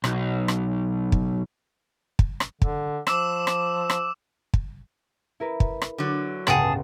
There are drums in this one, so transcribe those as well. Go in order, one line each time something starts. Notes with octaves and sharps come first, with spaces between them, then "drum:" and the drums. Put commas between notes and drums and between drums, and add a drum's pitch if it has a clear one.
B1, drum: rim click
drum: rim click
drum: kick
drum: kick
drum: rim click
D3, drum: kick
F3 D6 E6 E7, drum: rim click
drum: rim click
drum: rim click
drum: kick
E4 A#4 B4
drum: kick
drum: rim click
D3 F#3
G1 C#2 A2 G#4 F#5 G5 A5 F#7, drum: rim click